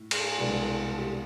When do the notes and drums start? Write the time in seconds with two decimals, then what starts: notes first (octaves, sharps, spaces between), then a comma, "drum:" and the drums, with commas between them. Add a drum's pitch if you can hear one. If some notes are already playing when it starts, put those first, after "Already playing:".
Already playing: A2
0.11 G#4, drum: cymbal
0.18 A4
0.38 C2 B2 G#3 B3 D4 A4
0.59 A4
0.79 A4
0.98 G4